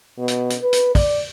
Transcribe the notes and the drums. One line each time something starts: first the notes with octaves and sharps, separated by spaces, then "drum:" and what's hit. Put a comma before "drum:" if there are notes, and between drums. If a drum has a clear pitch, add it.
B2
drum: hi-hat
drum: hi-hat
B4
drum: hi-hat
D5, drum: kick, open hi-hat